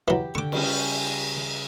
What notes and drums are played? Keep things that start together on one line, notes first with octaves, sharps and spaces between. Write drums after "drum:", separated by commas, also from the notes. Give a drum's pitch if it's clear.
E3 F#3 G4
D3 G5 C#6 D6
C#3 G3 C#4, drum: cymbal